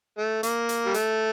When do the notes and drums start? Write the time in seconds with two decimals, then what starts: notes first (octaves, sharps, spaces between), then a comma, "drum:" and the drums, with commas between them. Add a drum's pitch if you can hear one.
0.18 A3
0.43 A#3, drum: hi-hat
0.69 drum: hi-hat
0.86 G3
0.94 A3, drum: hi-hat